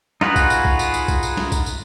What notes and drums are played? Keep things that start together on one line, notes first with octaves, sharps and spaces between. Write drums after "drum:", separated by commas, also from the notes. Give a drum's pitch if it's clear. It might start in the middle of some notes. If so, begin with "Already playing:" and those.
D#4 F4 F#4 G#4 B4, drum: snare
drum: kick B1, tambourine
drum: tambourine
drum: kick B1
drum: tambourine
drum: tambourine
drum: kick B1, tambourine
drum: tambourine
drum: snare
drum: kick B1, tambourine
drum: tambourine